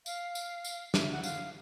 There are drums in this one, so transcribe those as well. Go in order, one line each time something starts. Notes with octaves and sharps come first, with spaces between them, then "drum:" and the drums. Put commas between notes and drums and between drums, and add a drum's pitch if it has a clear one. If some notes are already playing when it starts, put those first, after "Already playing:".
F5, drum: tambourine
drum: tambourine
drum: tambourine
E5, drum: snare
F#5
F5, drum: tambourine